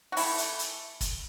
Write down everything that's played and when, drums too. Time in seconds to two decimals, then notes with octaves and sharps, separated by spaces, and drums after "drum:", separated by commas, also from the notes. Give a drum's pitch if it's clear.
0.12 F#4
0.17 E3 A3 E4, drum: open hi-hat
0.38 drum: hi-hat
0.59 drum: hi-hat
1.01 drum: kick, hi-hat